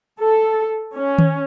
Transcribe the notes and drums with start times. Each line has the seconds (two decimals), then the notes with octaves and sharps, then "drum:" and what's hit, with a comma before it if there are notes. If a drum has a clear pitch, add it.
0.20 A4
0.93 C#4
1.19 drum: tom D#3